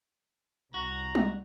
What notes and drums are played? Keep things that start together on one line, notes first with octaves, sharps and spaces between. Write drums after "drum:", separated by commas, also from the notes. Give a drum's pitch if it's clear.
C2 F#4 A#5
drum: tom G3